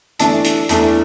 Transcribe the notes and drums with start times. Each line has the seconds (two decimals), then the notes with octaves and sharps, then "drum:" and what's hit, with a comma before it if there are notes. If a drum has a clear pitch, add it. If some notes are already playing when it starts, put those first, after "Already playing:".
0.19 E3 A3 D4 A4, drum: hi-hat
0.44 drum: hi-hat
0.69 E2 E3 A3 D4, drum: hi-hat